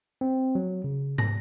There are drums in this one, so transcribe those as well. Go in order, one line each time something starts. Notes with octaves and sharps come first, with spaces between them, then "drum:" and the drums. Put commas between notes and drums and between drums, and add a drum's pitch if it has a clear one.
C4
F#3
C#3
A#6, drum: tom